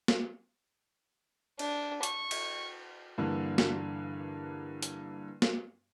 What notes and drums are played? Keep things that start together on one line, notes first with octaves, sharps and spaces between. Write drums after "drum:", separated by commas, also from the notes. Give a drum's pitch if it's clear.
drum: snare
D4, drum: cymbal
C#6, drum: hi-hat
drum: cymbal
G2 D3 E3 A#3
drum: snare
drum: hi-hat
drum: snare